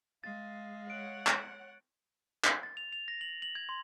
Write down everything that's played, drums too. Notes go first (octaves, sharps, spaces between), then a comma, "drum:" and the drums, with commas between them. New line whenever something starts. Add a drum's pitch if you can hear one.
G#3 F5 A6
C#5 F#5 D7
drum: clap
drum: clap
A6
F7
F7
A#6
F#7
F#7
G#6
C6